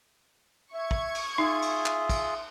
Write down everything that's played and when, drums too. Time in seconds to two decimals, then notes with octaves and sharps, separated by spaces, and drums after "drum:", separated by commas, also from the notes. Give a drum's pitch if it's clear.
0.74 E5 C#6 G#6
0.91 drum: kick
1.15 drum: cymbal
1.38 D#4 F4 G#4 E5
1.62 drum: cymbal
1.86 drum: clap
2.10 drum: kick, cymbal